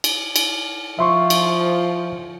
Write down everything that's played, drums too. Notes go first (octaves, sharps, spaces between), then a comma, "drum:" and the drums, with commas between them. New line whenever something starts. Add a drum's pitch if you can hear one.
drum: cymbal
drum: cymbal
F3 E5 C6 C#6
drum: cymbal